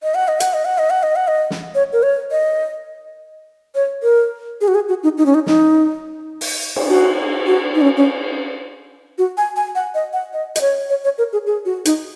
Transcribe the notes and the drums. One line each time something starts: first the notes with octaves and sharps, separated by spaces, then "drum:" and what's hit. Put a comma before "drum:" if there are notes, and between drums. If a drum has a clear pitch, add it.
D#5
F#5
D#5
F#5, drum: hi-hat
D#5
F#5
D#5
F#5
D#5
F#5
D#5
drum: snare
C#5
A#4
C#5
D#5
C#5
A#4
G#4
F#4
G#4
F#4
D#4
D#4
C#4
D#4
D#4, drum: snare
drum: open hi-hat
drum: cymbal
F#4
F#4
D#4
C#4
C#4
F#4
G#5
G#5
F#5
D#5
F#5
D#5
D#5, drum: hi-hat
C#5
C#5
C#5
A#4
G#4
G#4
F#4
D#4, drum: hi-hat